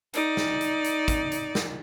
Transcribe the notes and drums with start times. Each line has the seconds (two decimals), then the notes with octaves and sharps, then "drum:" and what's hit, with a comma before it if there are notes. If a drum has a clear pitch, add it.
0.13 D#4 D5, drum: hi-hat
0.37 drum: snare
0.61 drum: hi-hat
0.84 drum: hi-hat
1.08 drum: kick, hi-hat
1.32 drum: hi-hat
1.55 drum: snare